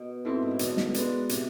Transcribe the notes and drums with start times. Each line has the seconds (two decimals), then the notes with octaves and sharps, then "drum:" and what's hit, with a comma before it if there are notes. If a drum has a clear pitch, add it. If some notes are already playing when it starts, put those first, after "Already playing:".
Already playing: B2
0.25 G#2 C4 E4 A4
0.42 G#2
0.51 A2
0.59 B2 D3, drum: hi-hat
0.77 drum: snare
0.94 G#3 B3 D4, drum: hi-hat
1.29 C3, drum: hi-hat